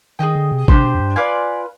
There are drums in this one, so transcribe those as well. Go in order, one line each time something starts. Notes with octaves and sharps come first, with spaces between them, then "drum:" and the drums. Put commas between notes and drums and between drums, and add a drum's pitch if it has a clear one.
D#3 G#4 C5 D#5 G5
D3
C3
C3 D4 G4 C5, drum: kick G#1
B2
F2
G2
F4 B4 D5 G#5